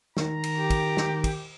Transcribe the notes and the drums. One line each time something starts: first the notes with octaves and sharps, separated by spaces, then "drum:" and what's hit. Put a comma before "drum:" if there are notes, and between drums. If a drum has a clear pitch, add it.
D#3 A#5, drum: snare
drum: cymbal
G4
drum: kick, cymbal
drum: snare
drum: kick, cymbal